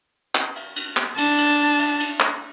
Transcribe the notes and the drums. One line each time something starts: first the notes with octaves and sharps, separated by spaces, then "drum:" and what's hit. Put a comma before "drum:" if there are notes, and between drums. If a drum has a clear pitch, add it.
drum: clap
drum: cymbal
drum: cymbal
drum: clap
D4 A5, drum: cymbal
drum: cymbal
drum: cymbal
drum: cymbal
drum: clap